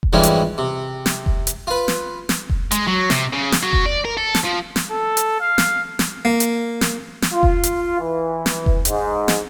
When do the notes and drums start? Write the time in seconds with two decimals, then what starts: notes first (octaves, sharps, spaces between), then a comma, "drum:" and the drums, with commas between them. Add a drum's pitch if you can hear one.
0.03 drum: kick F1
0.13 F2 G#2 E3 F3 G3 C#4
0.23 drum: hi-hat
0.58 C3
1.06 drum: snare
1.26 drum: kick F1
1.47 drum: hi-hat
1.67 F4 B4
1.88 drum: snare
2.29 drum: snare
2.50 drum: kick F1
2.71 G#3, drum: hi-hat
2.88 F#3
3.10 C3, drum: snare
3.33 C#3
3.52 drum: snare
3.63 F#3
3.73 drum: kick F1
3.86 D5
4.05 A#4
4.17 A4
4.35 drum: snare
4.44 F3
4.76 drum: snare
4.91 A4
5.17 drum: hi-hat
5.41 F5
5.58 drum: snare
5.99 drum: snare
6.25 A#3
6.40 drum: hi-hat
6.81 drum: snare
7.22 drum: snare
7.33 F4
7.43 drum: kick F1
7.63 drum: hi-hat
8.00 E3
8.46 drum: snare
8.66 drum: kick F1
8.85 G#2, drum: hi-hat
9.28 drum: snare